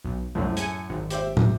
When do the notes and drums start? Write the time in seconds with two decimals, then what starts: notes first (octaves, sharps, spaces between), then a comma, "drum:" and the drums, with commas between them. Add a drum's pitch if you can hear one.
0.05 B1
0.35 C2 F#2 A2 F3
0.57 G#5 C#7, drum: hi-hat
0.90 G#1
1.10 G4 C5 E5, drum: hi-hat
1.37 drum: tom